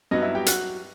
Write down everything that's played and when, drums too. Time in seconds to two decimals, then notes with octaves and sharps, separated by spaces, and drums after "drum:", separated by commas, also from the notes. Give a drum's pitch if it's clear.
0.11 G2 F#3 B3 D#4 D#5
0.22 E4 E5
0.35 G4 G5
0.46 F#3 F#4 F#5, drum: hi-hat